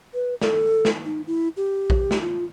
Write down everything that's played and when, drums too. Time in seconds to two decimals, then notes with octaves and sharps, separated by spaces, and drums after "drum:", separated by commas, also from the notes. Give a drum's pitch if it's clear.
0.14 B4
0.41 A4, drum: snare
0.85 drum: snare
1.05 D#4
1.27 E4
1.57 G4
1.90 drum: kick A#1
2.11 drum: snare
2.21 F4